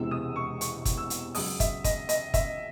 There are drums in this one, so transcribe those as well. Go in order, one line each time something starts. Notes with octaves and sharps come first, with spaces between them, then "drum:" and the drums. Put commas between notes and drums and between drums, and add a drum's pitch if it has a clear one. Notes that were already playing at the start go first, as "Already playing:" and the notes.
Already playing: E1 E2 C3 E3 G#3 E6
D#6
C#6
C#6, drum: hi-hat
drum: kick, hi-hat
E6
drum: hi-hat
C#2 C#3 F#3 D#6, drum: open hi-hat
E5, drum: kick, hi-hat
D#5, drum: kick, hi-hat
D#5, drum: hi-hat
E5, drum: kick, hi-hat